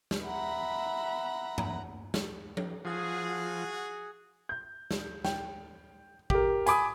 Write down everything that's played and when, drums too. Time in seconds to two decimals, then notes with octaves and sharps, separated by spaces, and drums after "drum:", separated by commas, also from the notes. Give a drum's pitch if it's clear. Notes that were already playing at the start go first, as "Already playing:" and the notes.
0.11 drum: snare
0.26 E5 F#5 A#5 B5
1.58 drum: tom
2.14 drum: snare
2.57 drum: tom F3
2.85 F3 F#4 G#4
4.49 G6
4.91 drum: snare
5.25 G5, drum: snare
6.30 G4 A#4, drum: kick
6.66 G#5 B5 D6 D#6, drum: hi-hat